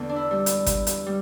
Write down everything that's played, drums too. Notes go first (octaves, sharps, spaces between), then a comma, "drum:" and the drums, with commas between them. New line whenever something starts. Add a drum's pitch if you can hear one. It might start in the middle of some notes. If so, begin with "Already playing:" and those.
Already playing: E2 D3
D4
E4
G3
drum: hi-hat
drum: kick G#1, hi-hat
drum: hi-hat
G3